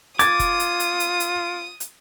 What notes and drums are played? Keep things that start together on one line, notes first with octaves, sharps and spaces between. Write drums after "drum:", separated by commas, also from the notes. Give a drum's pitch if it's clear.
F4 D6 D#6 G#6 A6, drum: hi-hat
drum: kick F1, hi-hat
drum: hi-hat
drum: hi-hat
drum: hi-hat
drum: hi-hat
drum: hi-hat